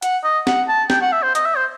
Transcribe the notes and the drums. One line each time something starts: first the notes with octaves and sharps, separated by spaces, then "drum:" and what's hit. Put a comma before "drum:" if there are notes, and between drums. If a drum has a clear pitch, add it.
F#5, drum: hi-hat
D#5
F#5, drum: snare C4
A5
G5, drum: snare C4
F#5
E5
C5
D#5, drum: hi-hat
E5
C5